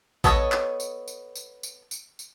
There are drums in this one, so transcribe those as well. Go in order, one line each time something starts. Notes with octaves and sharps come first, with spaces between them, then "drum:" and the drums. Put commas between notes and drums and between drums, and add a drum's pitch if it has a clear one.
B3 A4 C#5 D#5, drum: kick A1, tambourine
drum: clap
drum: tambourine
drum: tambourine
drum: tambourine
drum: tambourine
drum: tambourine
drum: tambourine